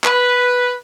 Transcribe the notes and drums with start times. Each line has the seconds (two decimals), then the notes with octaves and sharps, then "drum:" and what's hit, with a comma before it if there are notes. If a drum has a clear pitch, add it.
0.04 B4, drum: clap